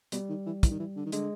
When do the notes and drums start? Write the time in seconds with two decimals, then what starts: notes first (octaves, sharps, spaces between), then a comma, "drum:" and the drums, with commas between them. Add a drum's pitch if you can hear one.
0.12 B2 G3, drum: hi-hat
0.29 D#3
0.46 E3
0.63 E3, drum: kick, hi-hat
0.71 D#3
0.79 E3
0.96 D3
1.06 D#3
1.12 D3 G#3, drum: hi-hat